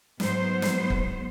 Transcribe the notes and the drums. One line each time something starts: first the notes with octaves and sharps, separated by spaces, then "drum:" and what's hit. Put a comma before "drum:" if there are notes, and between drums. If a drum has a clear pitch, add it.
G#2 F#3 B3 C5, drum: snare
drum: snare
drum: kick